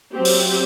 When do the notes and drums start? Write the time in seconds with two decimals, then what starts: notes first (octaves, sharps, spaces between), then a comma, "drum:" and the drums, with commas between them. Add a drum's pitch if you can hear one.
0.14 F#3 C4 G4
0.25 drum: open hi-hat